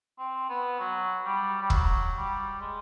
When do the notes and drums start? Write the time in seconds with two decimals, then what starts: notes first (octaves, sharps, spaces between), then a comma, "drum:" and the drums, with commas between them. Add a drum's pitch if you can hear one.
0.18 C4
0.49 B3
0.79 F#3
1.25 G3
1.61 G3
1.70 F#3, drum: kick
2.16 G3
2.61 G#3